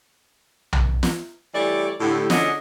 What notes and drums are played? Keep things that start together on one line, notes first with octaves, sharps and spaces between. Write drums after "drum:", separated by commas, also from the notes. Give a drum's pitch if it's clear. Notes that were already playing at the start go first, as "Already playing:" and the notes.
drum: tom B1
drum: snare
E3 G3 A3 C#5 D5
A2 D3 G4
D3 G#3 C#4 D4 F#4 D#5, drum: snare